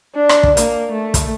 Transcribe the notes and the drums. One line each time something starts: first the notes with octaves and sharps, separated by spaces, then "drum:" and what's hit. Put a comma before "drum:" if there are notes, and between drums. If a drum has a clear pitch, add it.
D4
drum: rim click
drum: kick
A#3, drum: hi-hat
A3
drum: kick, hi-hat